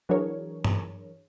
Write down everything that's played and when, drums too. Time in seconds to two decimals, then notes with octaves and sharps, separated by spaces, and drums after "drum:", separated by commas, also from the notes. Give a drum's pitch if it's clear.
0.09 E3 F#3 D4 G#4 A#4 C#5
0.65 drum: tom G2